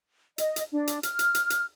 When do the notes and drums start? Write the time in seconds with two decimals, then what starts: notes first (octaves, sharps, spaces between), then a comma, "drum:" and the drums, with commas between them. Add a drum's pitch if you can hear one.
0.38 D#5, drum: hi-hat
0.56 drum: hi-hat
0.72 D4
0.87 drum: hi-hat
1.03 F6, drum: hi-hat
1.19 drum: hi-hat
1.35 drum: hi-hat
1.50 drum: hi-hat